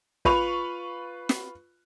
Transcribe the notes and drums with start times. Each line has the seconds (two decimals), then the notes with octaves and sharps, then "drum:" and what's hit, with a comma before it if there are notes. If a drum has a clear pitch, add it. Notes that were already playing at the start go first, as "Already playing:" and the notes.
0.25 F4 B4 B5 C#6 F7, drum: kick
1.29 drum: snare